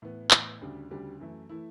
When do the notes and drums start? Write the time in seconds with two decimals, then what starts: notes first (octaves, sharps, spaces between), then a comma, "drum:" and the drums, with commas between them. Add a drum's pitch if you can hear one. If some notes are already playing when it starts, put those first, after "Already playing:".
0.02 A2 E3 B3
0.31 A2 E3 B3, drum: clap
0.61 D2 C#3 G3 D4
0.91 D2 C#3 G3 D4
1.20 F#2 E3 A3 E4
1.49 E3 A3 E4